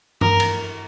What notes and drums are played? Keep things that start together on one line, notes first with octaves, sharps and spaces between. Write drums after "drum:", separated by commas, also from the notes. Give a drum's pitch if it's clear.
A#4, drum: tom G2
drum: cymbal